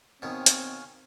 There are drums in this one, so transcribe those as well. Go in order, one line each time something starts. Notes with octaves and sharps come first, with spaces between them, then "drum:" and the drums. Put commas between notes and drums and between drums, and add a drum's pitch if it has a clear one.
B2 D#3 C4 C#5 F5 G#5
drum: hi-hat